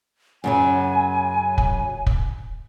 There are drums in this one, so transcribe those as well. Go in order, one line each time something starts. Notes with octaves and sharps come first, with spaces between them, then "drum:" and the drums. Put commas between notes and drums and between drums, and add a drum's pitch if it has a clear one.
F#2 C#3 F#3 G#5
drum: kick
drum: kick